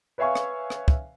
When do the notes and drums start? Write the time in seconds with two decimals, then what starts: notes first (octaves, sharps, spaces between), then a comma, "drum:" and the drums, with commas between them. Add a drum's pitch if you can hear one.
0.18 B4 C#5 E5 F5 G#5 C#6
0.35 drum: rim click
0.70 drum: rim click
0.88 drum: kick